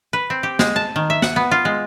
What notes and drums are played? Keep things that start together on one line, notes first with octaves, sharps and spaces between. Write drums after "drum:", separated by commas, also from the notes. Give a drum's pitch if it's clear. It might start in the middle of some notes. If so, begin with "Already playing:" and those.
B4
C4
G4
G#3, drum: snare
A5
D#3
E5
F#5, drum: snare
B3
F4
G#3